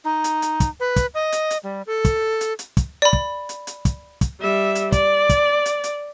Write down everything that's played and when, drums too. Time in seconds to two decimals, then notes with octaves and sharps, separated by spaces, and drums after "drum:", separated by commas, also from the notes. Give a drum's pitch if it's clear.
0.04 D#4
0.24 drum: hi-hat
0.42 drum: hi-hat
0.60 drum: kick, hi-hat
0.80 B4
0.96 drum: kick, hi-hat
1.14 D#5
1.32 drum: hi-hat
1.50 drum: hi-hat
1.63 G3
1.87 A4
2.05 drum: kick, hi-hat
2.41 drum: hi-hat
2.59 drum: hi-hat
2.77 drum: kick, hi-hat
3.02 D5 B5
3.13 drum: kick
3.49 drum: hi-hat
3.67 drum: hi-hat
3.85 drum: kick, hi-hat
4.21 drum: kick, hi-hat
4.40 G3 E5
4.75 drum: hi-hat
4.92 D5, drum: kick, hi-hat
5.29 drum: kick, hi-hat
5.66 drum: hi-hat
5.84 drum: hi-hat